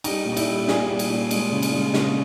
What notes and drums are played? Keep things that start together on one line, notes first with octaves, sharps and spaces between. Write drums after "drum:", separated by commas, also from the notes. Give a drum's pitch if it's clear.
G3 D#4, drum: cymbal
A#2
D#4
E4, drum: cymbal
G3
A#2 G#4, drum: snare
G3
drum: cymbal
A#2
G#3, drum: cymbal
C#3
drum: cymbal
G#3
C#3, drum: snare